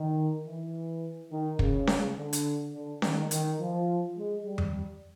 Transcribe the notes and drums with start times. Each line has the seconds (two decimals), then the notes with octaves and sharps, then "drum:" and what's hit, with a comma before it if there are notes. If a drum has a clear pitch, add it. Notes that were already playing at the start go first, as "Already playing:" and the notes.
Already playing: D#3
0.46 E3
1.31 D#3
1.59 C#3, drum: kick
1.87 drum: snare C#4
2.17 D3
2.33 drum: hi-hat
2.73 D3
3.02 D#3, drum: snare C#4
3.31 D#3, drum: hi-hat
3.59 F3
4.17 G#3
4.45 G3
4.58 drum: tom F2